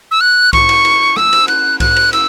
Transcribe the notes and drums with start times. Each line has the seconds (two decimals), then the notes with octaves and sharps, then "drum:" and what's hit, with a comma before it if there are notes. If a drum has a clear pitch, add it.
0.11 E6
0.21 F#6
0.53 C#6, drum: kick B1, cymbal
0.69 drum: cymbal
0.85 drum: cymbal
1.17 E6, drum: rim click
1.33 drum: cymbal
1.48 F#6, drum: cymbal
1.80 F#6, drum: kick B1, cymbal
1.96 drum: cymbal
2.13 E6, drum: cymbal